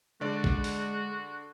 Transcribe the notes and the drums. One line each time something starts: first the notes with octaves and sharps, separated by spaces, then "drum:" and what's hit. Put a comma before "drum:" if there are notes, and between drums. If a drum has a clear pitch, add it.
D3 G#3 F#4 D5
drum: kick A#1
drum: open hi-hat